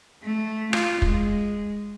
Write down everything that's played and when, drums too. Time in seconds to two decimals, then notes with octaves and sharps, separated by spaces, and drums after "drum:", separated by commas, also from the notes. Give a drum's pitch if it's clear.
0.23 A3
0.73 F4, drum: rim click
1.02 G#3, drum: kick